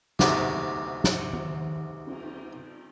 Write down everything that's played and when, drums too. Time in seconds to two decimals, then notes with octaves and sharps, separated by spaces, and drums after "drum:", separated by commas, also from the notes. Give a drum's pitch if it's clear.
0.19 D2 G#2 C3 B3, drum: snare
1.04 drum: snare
1.33 drum: tom D#3
2.07 drum: cymbal